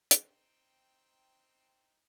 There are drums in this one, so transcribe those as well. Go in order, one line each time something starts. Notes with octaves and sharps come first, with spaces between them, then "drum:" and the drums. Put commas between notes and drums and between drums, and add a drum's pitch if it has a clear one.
C4 D#4 G5, drum: hi-hat